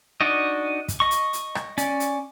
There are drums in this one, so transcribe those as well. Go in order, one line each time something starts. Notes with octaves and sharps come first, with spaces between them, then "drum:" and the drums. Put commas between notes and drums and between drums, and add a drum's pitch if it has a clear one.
D4 D#4 F#4 D5 D#5
drum: kick, hi-hat
D#5 C#6
drum: hi-hat
drum: hi-hat
drum: rim click
C#4 D5, drum: hi-hat
drum: hi-hat